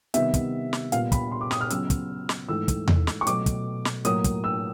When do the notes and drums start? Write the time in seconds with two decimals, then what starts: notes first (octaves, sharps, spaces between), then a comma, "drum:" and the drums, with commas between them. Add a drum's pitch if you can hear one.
0.14 C3 D#3 G3 B3 E5, drum: hi-hat
0.34 drum: kick, hi-hat
0.73 drum: snare
0.92 A#2 G3 B3 F5, drum: hi-hat
1.12 B5, drum: kick, hi-hat
1.31 C6
1.41 D6
1.51 D#6, drum: snare
1.61 F6
1.70 C#3 F#3 B3 E6, drum: hi-hat
1.90 drum: kick, hi-hat
2.29 drum: snare
2.49 G#2 E3 A3 E6
2.68 drum: kick, hi-hat
2.88 drum: tom E2
3.07 drum: snare
3.21 C#6
3.27 B2 F#3 A3 D6, drum: hi-hat
3.46 drum: kick, hi-hat
3.85 drum: snare
4.05 A2 F#3 A#3 D#6, drum: hi-hat
4.24 drum: kick, hi-hat
4.44 E6